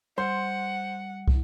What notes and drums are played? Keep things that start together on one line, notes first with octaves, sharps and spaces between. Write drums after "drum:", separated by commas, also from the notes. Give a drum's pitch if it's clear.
G3 C5 F#5 C6
drum: kick